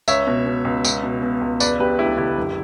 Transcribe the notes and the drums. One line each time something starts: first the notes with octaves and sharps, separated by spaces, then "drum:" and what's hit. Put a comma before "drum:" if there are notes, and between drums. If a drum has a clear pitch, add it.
C#2 C#5 E5, drum: tambourine
B2
B2
C#2
C#2, drum: tambourine
B2
B2
C#2
E1 B4 D5, drum: tambourine
E1 G4 B4
D2 E4 G4
D3 E4 G4
F#1